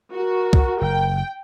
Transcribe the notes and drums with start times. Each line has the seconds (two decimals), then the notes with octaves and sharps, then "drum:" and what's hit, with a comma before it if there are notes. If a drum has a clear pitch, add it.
0.13 F#4 A#4
0.53 drum: kick C2
0.81 F#1 G5